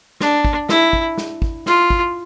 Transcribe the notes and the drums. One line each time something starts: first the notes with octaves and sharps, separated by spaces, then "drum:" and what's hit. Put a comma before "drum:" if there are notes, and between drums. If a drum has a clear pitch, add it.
D4, drum: snare
drum: kick
E4, drum: snare
drum: kick
drum: snare
drum: kick
F4, drum: snare
drum: kick